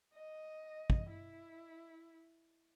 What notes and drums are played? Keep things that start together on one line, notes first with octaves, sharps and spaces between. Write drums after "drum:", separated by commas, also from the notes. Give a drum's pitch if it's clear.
D#5
drum: kick
E4